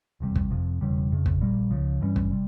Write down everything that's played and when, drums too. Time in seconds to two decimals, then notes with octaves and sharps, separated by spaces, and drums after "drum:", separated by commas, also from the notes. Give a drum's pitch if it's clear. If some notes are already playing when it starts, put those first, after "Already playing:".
0.20 F1 E2 C3 G3
0.36 drum: kick
0.50 F2 C3 F3
0.81 E1 E2 C#3 G3
1.11 F1 F2 C#3
1.26 drum: kick
1.41 A#1 A#2 G3 A#3
1.70 C#2 C#3 F3
2.01 G2 E3 G3 C#4
2.16 drum: kick
2.31 C3 G3